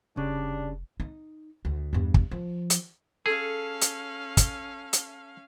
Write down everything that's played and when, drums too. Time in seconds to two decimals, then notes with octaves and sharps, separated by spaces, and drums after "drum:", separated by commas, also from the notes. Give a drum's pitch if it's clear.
0.17 F1 C#3 G3 D4
1.00 D#4
1.65 D2
1.93 E2 G2
2.14 drum: kick
2.31 F3
2.70 drum: hi-hat
3.26 C#4 G#4 A4 F5
3.81 drum: hi-hat
4.37 drum: kick, hi-hat
4.93 drum: hi-hat